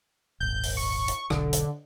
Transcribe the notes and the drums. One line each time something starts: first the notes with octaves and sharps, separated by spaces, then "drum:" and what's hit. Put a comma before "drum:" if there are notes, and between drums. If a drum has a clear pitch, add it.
D#1 G#1 G6
drum: open hi-hat
C#6
drum: hi-hat
E1 B1 D3, drum: rim click
drum: hi-hat